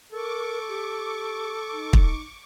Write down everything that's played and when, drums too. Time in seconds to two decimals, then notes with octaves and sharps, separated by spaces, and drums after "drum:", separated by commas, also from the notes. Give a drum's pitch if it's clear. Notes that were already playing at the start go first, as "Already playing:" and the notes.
0.13 A4 A#4 C#6 D6
0.69 G4
1.72 D#4
1.93 drum: kick